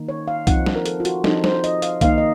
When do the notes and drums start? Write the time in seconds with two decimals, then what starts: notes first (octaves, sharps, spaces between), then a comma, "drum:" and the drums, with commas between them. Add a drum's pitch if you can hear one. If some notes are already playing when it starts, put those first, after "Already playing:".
Already playing: D#3 A#3 D#4
0.09 C#5
0.28 F5
0.47 F3 C4 D#4 F#5, drum: kick C2, hi-hat
0.66 drum: snare
0.76 A#4
0.86 A4, drum: hi-hat
1.00 F4
1.05 F#4, drum: hi-hat
1.24 F3 C4 D#4 A4, drum: snare
1.44 C5, drum: snare
1.64 D#5, drum: hi-hat
1.82 F5, drum: hi-hat
2.01 D#3 A#3 D#4 F5, drum: kick C2, hi-hat
2.18 D#5